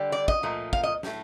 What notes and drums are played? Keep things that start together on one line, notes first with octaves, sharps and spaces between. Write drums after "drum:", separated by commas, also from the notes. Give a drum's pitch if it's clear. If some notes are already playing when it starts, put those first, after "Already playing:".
Already playing: D3 G3
D5
D#5, drum: kick
A#2 F3 A3
F5, drum: kick
D#5
A2 A3, drum: snare